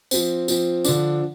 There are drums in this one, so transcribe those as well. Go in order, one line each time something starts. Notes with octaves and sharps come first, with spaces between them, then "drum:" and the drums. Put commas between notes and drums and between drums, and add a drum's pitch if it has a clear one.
F3 C4, drum: tambourine
F3 C4, drum: tambourine
D3 F3 D4, drum: tambourine